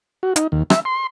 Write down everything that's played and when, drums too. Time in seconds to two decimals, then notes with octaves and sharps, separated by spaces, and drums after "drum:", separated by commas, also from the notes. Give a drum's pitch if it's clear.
0.23 F#4
0.36 D#4, drum: hi-hat
0.52 D#2
0.70 E5, drum: rim click
0.85 C6